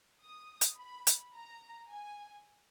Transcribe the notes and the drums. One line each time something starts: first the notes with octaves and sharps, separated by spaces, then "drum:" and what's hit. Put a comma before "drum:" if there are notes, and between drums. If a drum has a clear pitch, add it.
D#6
drum: hi-hat
B5
drum: hi-hat
A#5
G#5